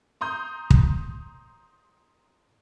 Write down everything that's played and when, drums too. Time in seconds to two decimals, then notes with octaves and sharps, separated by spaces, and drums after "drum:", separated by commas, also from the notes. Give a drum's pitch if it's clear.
0.21 A#5 C6 D#6 G6
0.70 drum: kick